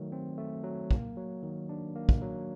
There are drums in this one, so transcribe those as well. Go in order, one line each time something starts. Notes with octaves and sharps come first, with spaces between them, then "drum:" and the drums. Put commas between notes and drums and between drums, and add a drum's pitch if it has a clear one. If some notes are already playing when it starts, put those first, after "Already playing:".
Already playing: D#3 F#3 A3
C4
A3
F#3
A#3, drum: kick
F#3
D#3
D4
A#3
drum: kick
F#3